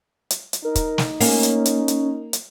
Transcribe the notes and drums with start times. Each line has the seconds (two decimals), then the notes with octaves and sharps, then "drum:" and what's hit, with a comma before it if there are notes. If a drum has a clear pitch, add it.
0.30 drum: hi-hat
0.53 drum: hi-hat
0.65 D#4 A#4
0.75 drum: kick, hi-hat
0.98 drum: snare
1.20 A#3 C#4, drum: open hi-hat
1.43 drum: hi-hat
1.66 drum: hi-hat
1.88 drum: hi-hat
2.33 drum: hi-hat